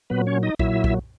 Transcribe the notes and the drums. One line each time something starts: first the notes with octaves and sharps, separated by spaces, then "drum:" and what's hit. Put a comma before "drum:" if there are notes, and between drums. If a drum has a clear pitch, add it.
A#2 F#3 B3 B4
C#4 C#5
D#4 D#5
A#2 F#3 E4 E5, drum: kick B1
drum: kick B1